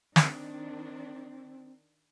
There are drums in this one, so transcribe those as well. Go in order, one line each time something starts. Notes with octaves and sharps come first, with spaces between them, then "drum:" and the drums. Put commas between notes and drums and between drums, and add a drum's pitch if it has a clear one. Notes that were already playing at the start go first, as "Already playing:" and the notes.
D#3 C4 D4, drum: snare